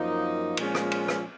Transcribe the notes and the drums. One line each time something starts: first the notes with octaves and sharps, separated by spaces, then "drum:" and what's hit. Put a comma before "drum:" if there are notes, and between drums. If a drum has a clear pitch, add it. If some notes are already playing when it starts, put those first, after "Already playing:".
Already playing: F#2 F3 A#3 D#4
A#2 F3 G#3 C#4 G#4, drum: cymbal
drum: rim click
drum: cymbal
drum: rim click